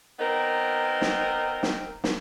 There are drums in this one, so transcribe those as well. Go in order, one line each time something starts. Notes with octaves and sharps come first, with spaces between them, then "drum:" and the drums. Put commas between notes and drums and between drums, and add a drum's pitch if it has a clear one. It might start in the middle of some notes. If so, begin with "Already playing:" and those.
B3 C4 D#4 A#4
drum: snare
drum: snare
drum: snare